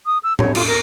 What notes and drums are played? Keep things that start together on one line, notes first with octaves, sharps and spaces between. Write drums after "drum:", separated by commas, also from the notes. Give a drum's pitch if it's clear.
D#6
E6
C#5, drum: tom A2
F4, drum: cymbal
A#4